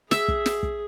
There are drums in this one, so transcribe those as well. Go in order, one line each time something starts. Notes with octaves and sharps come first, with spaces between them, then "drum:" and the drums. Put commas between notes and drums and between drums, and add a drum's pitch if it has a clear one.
G#4 E5, drum: snare
drum: kick
drum: snare
drum: kick